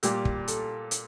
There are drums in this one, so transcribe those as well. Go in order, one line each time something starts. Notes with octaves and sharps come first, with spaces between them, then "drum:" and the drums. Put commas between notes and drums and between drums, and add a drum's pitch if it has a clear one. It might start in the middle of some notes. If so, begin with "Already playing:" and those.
A#2 G3 G4, drum: hi-hat
drum: kick
A4, drum: hi-hat
drum: hi-hat